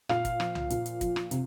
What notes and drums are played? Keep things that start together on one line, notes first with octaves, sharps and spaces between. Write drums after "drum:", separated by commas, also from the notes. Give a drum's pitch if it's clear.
A#2 F5, drum: rim click
drum: kick, hi-hat
F3, drum: rim click
drum: tom C2
A#2, drum: hi-hat
drum: hi-hat
F3, drum: kick, hi-hat
drum: rim click
C3, drum: hi-hat